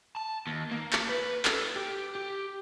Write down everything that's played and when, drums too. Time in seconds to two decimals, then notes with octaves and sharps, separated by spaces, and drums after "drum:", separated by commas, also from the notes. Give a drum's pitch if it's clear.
0.16 A5
0.47 D#2
0.71 A#3
0.93 drum: clap
1.09 B4
1.45 A4, drum: clap
1.76 G4
2.15 G4